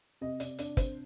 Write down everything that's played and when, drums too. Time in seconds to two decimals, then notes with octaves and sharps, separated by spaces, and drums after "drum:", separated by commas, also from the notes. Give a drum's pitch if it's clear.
0.21 C3 D#5
0.40 C3 D5, drum: hi-hat
0.58 D4 D5, drum: hi-hat
0.77 C3 C5, drum: kick, hi-hat